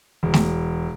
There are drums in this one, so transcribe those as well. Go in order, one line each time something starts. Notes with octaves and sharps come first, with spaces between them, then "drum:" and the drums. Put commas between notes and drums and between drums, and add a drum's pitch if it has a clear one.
E1
drum: snare